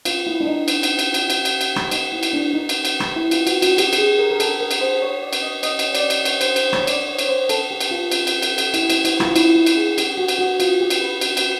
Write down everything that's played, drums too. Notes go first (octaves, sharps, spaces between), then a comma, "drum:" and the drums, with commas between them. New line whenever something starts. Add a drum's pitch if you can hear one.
F4, drum: cymbal
E4
D4
D#4
drum: cymbal
drum: cymbal
drum: cymbal
drum: cymbal
drum: cymbal
drum: cymbal
drum: cymbal
drum: rim click
D#4, drum: cymbal
E4
drum: cymbal
D4
D#4
drum: cymbal
drum: cymbal
drum: rim click
E4
F4, drum: cymbal
F#4, drum: cymbal
F#4, drum: cymbal
G4, drum: cymbal
G4, drum: cymbal
G#4
A#4
A#4
A4, drum: cymbal
A#4
drum: cymbal
C5
C#5
D5
drum: cymbal
D#5
D#5, drum: cymbal
drum: cymbal
D5, drum: cymbal
drum: cymbal
C#5, drum: cymbal
C5, drum: cymbal
C5, drum: cymbal
C#5, drum: rim click
D5, drum: cymbal
C#5
drum: cymbal
C5
A4, drum: cymbal
G4
drum: cymbal
F4
drum: cymbal
drum: cymbal
drum: cymbal
drum: cymbal
E4, drum: cymbal
E4, drum: cymbal
E4, drum: cymbal
F4, drum: rim click
E4, drum: cymbal
E4
drum: cymbal
G#4
G4, drum: cymbal
F#4
drum: cymbal
F#4
F4, drum: cymbal
G4
drum: cymbal
B4
drum: cymbal
drum: cymbal